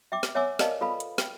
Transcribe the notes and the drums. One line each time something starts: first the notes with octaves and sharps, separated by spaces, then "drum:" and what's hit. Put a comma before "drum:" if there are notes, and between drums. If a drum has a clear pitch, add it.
E5 G5 D6
drum: snare
C#5 E5 F#5 G#5 D6 E6
A#4 B4 D5 D#5 F5 A5, drum: snare
F4 A4 B4 F5 B5
drum: hi-hat
G5, drum: snare